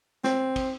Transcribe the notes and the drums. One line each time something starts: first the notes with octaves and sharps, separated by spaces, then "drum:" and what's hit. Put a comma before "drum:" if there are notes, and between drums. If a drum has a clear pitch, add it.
C4, drum: snare
drum: kick, cymbal